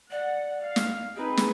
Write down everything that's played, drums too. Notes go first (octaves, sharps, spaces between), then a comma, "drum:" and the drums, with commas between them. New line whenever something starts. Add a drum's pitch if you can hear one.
D5 F#5
F5
drum: snare
C4 D#4 G#4 B4
drum: snare